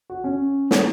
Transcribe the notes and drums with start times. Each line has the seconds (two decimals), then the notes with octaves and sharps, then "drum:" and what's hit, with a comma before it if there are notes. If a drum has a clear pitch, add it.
0.10 F#4
0.24 C#4
0.71 drum: snare